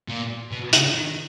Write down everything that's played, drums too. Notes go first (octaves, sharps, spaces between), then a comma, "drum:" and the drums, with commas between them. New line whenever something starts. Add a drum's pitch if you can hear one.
A#2
B2
C#3, drum: hi-hat
D#3